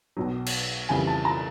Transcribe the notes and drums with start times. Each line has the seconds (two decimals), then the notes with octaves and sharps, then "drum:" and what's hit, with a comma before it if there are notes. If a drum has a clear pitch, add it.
0.17 B1 B2 F#3
0.46 drum: cymbal
0.89 F2 C#3 E3 G3 G#5
1.07 A5
1.25 A#5